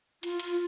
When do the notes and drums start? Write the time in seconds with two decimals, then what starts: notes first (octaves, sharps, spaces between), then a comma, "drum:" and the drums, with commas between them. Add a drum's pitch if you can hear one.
0.23 F4, drum: hi-hat
0.40 drum: hi-hat